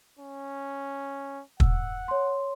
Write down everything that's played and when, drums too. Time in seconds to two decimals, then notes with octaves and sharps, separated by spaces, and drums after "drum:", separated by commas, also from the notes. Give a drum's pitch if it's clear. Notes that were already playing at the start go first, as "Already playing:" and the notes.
0.19 C#4
1.60 F#5 E6, drum: kick
2.08 C#5 C6